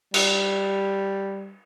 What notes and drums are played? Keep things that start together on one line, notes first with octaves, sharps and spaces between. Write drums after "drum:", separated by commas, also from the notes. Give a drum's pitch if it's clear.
G3, drum: cymbal